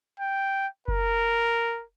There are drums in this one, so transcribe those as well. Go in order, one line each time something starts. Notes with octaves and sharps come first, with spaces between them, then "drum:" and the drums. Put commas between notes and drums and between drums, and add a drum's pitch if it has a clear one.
G5
A#4, drum: kick F#1